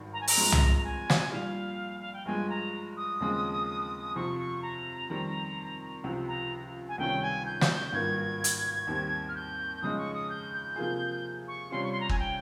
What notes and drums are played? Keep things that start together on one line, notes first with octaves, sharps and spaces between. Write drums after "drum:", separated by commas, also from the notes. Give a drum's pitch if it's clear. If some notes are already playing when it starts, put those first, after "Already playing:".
Already playing: G#1 G2 D#3
A#5
G#5
A#5, drum: open hi-hat
G2 F3 G#3 C4
drum: tom C2
A#5
G#5
drum: snare
A#1 A#2 G3 F5
F5
G5
G2 F3 G#3 G#5
A#5
D#6
D#2 C#3 F3 G#3 C4
F2 C3 F3 C4 C#6
C#6
A#5
F2 D#3 G3 C4
C#2 C3 F3
A#5
G#5
C#2 C3 D#3 G3 C#4 G5
G#5
G6
drum: snare
G#1 G2 D#3 A#3 F4 G#6
drum: hi-hat
D#2 D#3 G3 C4 G4
F6
G6
F2 C#3 G#3 D#4 D#6
C#6
D#6
G6
G6
C3 F3 A#3 F4 G#4
C#6
C3 G3 C#4 F4 C6
C#6
C6
A#5
G#5, drum: kick
G5